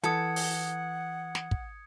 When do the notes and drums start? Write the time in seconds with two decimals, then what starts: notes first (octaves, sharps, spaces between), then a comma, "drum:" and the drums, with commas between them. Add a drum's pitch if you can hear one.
0.04 E3 A4 F#5 D#6 G#6 C#7, drum: hi-hat
0.36 drum: open hi-hat
1.35 drum: snare
1.51 drum: kick